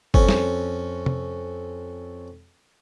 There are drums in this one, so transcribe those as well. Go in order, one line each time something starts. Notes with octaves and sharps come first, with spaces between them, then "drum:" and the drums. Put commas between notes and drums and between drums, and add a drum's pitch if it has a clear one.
F2 C#4, drum: kick G1
drum: snare
drum: tom